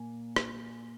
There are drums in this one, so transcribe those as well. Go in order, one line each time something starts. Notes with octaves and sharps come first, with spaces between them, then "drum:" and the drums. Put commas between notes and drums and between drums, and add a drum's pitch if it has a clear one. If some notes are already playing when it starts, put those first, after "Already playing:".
Already playing: A#2 A#3 G#5
drum: rim click